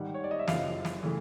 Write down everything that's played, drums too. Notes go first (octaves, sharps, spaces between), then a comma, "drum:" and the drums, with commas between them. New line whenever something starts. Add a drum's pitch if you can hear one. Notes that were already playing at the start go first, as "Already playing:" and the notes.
Already playing: G#2 D#3 G3 F#5
C#5
D5
D#5
E5
F#1 F#2 C#3 F3 F5, drum: snare
drum: snare
C#3 E3 A3